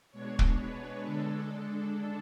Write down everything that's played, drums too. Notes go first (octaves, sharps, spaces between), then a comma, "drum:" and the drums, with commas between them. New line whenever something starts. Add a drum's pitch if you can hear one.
B2 G#3 D4 C#5
drum: kick
B4
D3 G#3 D4 A4